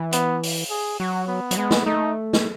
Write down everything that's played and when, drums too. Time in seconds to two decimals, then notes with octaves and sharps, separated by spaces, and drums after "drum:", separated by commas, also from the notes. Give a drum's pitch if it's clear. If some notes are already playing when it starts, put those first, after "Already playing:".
Already playing: E3
0.13 B3, drum: hi-hat
0.43 drum: open hi-hat
0.70 G#4
1.00 F#3 F#4
1.28 B3
1.51 F#3, drum: hi-hat
1.57 G#3 B3
1.71 drum: snare
1.86 A3 D#4
2.33 drum: snare